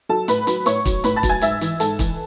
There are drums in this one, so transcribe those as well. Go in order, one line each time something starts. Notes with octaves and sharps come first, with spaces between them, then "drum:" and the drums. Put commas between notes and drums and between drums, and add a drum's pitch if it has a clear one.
F#3 A4 A5
A2 B4 B5, drum: hi-hat
F#3 B4 B5, drum: hi-hat
A2 C#5 C#6, drum: hi-hat
F#3, drum: kick, hi-hat
A2 B4 B5, drum: hi-hat
A5 A6
F#3, drum: kick, hi-hat
G#5 G#6
G#2 E5 E6, drum: hi-hat
E3, drum: hi-hat
G#2 A4 A5, drum: hi-hat
E3, drum: kick, hi-hat